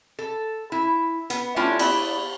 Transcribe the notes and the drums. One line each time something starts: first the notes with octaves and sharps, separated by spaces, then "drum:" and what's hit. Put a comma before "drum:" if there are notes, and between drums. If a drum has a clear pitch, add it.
A4
E4
B3, drum: hi-hat
G3 A3 C#4 D4 E4 F4
B3 E4 D5, drum: cymbal